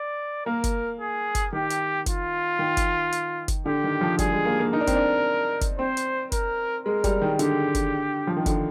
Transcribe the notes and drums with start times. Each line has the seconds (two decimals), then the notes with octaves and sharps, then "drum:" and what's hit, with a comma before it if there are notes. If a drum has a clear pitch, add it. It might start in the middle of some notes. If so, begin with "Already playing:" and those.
Already playing: D5
0.46 A#3 A#4
0.64 drum: kick F#1, hi-hat
1.00 G#4
1.35 drum: kick F#1, hi-hat
1.53 D#3 G4
1.70 drum: hi-hat
2.06 F4, drum: kick F#1, hi-hat
2.59 D#3
2.77 drum: kick F#1, hi-hat
3.12 drum: hi-hat
3.48 drum: kick F#1, hi-hat
3.66 D3 G4
3.84 D#3
4.01 F3
4.19 G3 G#4, drum: kick F#1, hi-hat
4.33 G#3
4.45 A#3
4.59 A#3
4.73 D#4 A#4
4.80 D4
4.87 C4, drum: kick F#1, hi-hat
4.95 D4
5.61 drum: kick F#1, hi-hat
5.79 C4 C5
5.97 drum: hi-hat
6.32 A#4, drum: kick F#1, hi-hat
6.85 G#3 A#4
7.04 G3, drum: kick F#1, hi-hat
7.22 D#3
7.39 D3 G4, drum: hi-hat
7.75 drum: kick F#1, hi-hat
8.27 F3
8.37 D#3
8.46 D3, drum: kick F#1, hi-hat